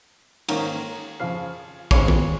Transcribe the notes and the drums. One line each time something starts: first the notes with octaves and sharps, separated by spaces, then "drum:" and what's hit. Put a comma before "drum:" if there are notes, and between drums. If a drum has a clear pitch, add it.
G#2 D#3 A#3 C#4, drum: cymbal
F2 C#3 F3 F5
D#2 C#3 G#3 C4 C#5, drum: kick
drum: tom D#3